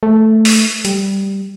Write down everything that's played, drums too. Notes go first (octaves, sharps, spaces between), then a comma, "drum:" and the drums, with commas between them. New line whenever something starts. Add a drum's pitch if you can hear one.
A3
drum: open hi-hat
G3, drum: hi-hat